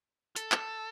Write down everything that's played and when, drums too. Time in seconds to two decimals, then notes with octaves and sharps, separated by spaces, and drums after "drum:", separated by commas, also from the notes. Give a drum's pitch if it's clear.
0.36 A4, drum: hi-hat
0.52 drum: clap